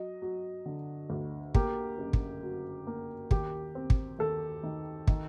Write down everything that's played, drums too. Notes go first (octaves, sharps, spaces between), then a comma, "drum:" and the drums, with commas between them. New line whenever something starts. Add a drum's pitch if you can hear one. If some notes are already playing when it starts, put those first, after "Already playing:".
Already playing: F#3 D#5
F#3
D3
D2
A#3 G4, drum: kick
F#1
drum: kick
F#3
A#3
D#2 G4, drum: kick
C4
drum: kick
D#2 A4
D#3
D#3, drum: kick